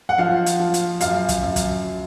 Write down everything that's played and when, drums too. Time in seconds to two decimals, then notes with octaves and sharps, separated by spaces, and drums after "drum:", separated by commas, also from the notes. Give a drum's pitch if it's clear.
0.09 F#5
0.18 F3 F5
0.46 drum: hi-hat
0.59 F3
0.74 drum: hi-hat
1.01 F#2 F5, drum: hi-hat
1.29 drum: kick, hi-hat
1.43 F#2
1.56 drum: kick, hi-hat